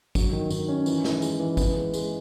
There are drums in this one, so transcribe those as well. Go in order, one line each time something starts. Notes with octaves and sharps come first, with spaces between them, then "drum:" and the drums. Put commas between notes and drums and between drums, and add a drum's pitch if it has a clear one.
F#3, drum: kick, tambourine
D#3
D#3, drum: tambourine
C#4
E3, drum: tambourine
E3, drum: snare
G#3, drum: tambourine
E3
B3, drum: kick, tambourine
G#3
G#3, drum: tambourine